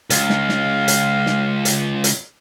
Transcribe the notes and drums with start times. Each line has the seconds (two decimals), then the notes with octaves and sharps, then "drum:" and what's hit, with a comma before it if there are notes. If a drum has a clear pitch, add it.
0.10 C#2 F5, drum: hi-hat
0.30 drum: snare
0.49 drum: snare
0.88 drum: hi-hat
1.26 drum: snare
1.65 drum: hi-hat
2.04 drum: hi-hat